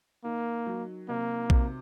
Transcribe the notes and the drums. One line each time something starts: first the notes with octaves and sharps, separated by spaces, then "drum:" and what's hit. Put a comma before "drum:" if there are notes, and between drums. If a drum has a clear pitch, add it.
D#3 A#3
F#3
C3 A#3
C3, drum: kick A#1